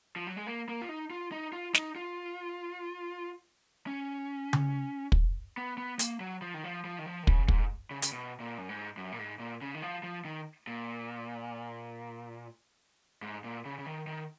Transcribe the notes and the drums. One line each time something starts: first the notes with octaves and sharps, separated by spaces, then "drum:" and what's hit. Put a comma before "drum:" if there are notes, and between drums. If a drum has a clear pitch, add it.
F3
F#3
G#3
A#3
A#3
F4
D#4
F4
D#4
F4
D#4, drum: snare
F4
C#4
drum: tom C#3
drum: kick
B3
B3
A#3, drum: hi-hat
F#3
F3
D#3
F3
F3
D#3
F3
D#3
C#3, drum: kick
G#2, drum: kick
C#3
C#3, drum: hi-hat
B2
A#2
F#2
G#2
F#2
A#2
G#2
A#2
C#3
D#3
F3
F3
D#3
A#2
G#2
A#2
C#3
C#3
D#3
D#3